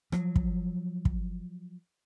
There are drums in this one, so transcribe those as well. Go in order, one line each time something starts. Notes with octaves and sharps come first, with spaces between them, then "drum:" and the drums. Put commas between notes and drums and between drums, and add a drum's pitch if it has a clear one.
F3 F#3, drum: rim click
drum: kick
drum: kick